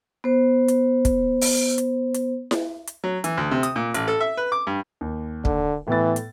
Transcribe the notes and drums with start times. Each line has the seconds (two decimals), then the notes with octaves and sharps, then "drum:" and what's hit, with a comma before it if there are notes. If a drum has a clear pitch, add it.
0.24 B3 C5
0.68 drum: hi-hat
1.05 drum: kick, hi-hat
1.41 drum: open hi-hat
1.78 drum: hi-hat
2.14 drum: hi-hat
2.51 drum: snare E4
2.87 drum: hi-hat
3.04 F#3
3.24 E3, drum: hi-hat
3.37 D2
3.51 C3
3.63 D#6, drum: hi-hat
3.76 A#2
3.94 A1, drum: hi-hat
4.08 A4
4.20 E5
4.37 B4
4.52 D6
4.67 G2
5.01 D#2
5.45 D3, drum: kick
5.88 A2 E3 B3 A6
6.16 drum: hi-hat